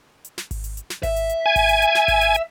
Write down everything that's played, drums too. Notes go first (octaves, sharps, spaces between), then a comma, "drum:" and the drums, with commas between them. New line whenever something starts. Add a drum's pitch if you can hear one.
drum: hi-hat
drum: snare
drum: kick G#1, open hi-hat
drum: hi-hat
drum: hi-hat
drum: snare
E5, drum: kick G#1, open hi-hat
drum: hi-hat
drum: hi-hat
G#5
drum: kick G#1, open hi-hat
drum: hi-hat
drum: hi-hat
drum: snare
drum: kick G#1, open hi-hat
drum: hi-hat
drum: hi-hat